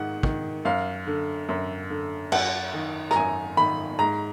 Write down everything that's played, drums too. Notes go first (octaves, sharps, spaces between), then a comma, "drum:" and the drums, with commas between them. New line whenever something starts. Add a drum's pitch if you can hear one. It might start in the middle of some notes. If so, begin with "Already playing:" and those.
Already playing: G#2 D#3 F#5
D#3, drum: kick
F#2 F5
D3
F#2
D3
F#2 F#5, drum: cymbal
D#3
A#5, drum: rim click
F#2 G#5
D#3 B5
G#2 A#5